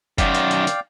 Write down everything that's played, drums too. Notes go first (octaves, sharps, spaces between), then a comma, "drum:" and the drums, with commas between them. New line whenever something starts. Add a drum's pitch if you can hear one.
F#2 D#3 D5 F5 G5, drum: kick F#1, hi-hat
drum: hi-hat
drum: hi-hat
drum: hi-hat